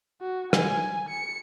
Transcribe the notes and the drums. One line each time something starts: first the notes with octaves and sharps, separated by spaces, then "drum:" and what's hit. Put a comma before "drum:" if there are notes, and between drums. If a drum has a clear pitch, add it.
F#4
G#5, drum: rim click
C#7